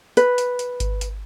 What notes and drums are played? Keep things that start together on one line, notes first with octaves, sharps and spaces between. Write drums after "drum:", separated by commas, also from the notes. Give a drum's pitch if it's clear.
B4, drum: hi-hat
drum: hi-hat
drum: hi-hat
drum: kick G#1, hi-hat
drum: hi-hat